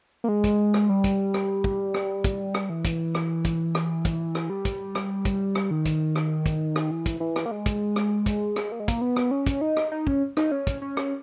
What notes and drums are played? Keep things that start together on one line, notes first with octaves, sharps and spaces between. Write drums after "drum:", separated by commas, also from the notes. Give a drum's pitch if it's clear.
A#3
G#3
drum: kick, hi-hat
drum: rim click
G3
drum: kick, hi-hat
drum: rim click
drum: kick
drum: rim click
drum: kick, hi-hat
drum: rim click
E3
drum: kick, hi-hat
drum: rim click
drum: kick, hi-hat
drum: rim click
drum: kick, hi-hat
drum: rim click
G3
drum: kick, hi-hat
drum: rim click
drum: kick, hi-hat
drum: rim click
D#3
drum: kick, hi-hat
drum: rim click
drum: kick, hi-hat
drum: rim click
E3
drum: kick, hi-hat
E3
drum: rim click
A#3
G#3
drum: kick, hi-hat
drum: rim click
drum: kick, hi-hat
drum: rim click
A#3
G#3
A#3, drum: kick, hi-hat
B3
drum: rim click
C#4
drum: kick, hi-hat
D#4
drum: rim click
D#4
C#4, drum: kick
D#4, drum: rim click
C#4
drum: kick, hi-hat
C#4
drum: rim click